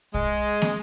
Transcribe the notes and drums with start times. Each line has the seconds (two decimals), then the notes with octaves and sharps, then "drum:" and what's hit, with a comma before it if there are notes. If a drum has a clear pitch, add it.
0.14 G#3, drum: kick
0.62 drum: snare